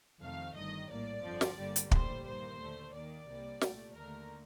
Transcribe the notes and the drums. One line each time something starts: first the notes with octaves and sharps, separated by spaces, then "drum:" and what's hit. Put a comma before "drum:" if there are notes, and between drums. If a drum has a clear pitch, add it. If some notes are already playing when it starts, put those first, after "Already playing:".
F2 C3 D#3 A3 F5
G1 G2 D#3 D#5
A#1 A2 G3 A#3 D5
G1 F2 D3 F3
drum: snare
G1 G2 D3 G3 A#3
drum: hi-hat
A#1 A2 G3 C5, drum: kick
G2 D#3 A#3 C5
D#2 D3 A3
D#2 D#3 A#3 D5
C2 C3 G3 A#3
C2 A#2 A3, drum: snare
D#2 D3 A3 A#4